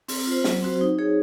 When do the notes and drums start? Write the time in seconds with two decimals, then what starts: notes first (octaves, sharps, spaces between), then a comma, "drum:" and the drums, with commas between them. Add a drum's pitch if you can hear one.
0.08 C4, drum: open hi-hat
0.27 F4 C5
0.44 F#3, drum: snare
0.62 C4 F#4 C5
0.81 D#4
0.99 G#4 C#5